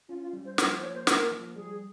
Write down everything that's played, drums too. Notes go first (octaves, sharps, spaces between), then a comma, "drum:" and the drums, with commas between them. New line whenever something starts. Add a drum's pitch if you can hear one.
C#4 F4
F4
G3
C5
F3 A#4, drum: snare
C5
A#3 C#5
C5
A#3 A#4, drum: snare
F3
G3 G#4